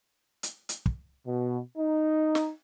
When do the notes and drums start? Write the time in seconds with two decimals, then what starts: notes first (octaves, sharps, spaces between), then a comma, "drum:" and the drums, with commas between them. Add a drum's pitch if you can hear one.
0.43 drum: hi-hat
0.69 drum: hi-hat
0.86 drum: kick
1.27 B2
1.78 D#4
2.35 drum: snare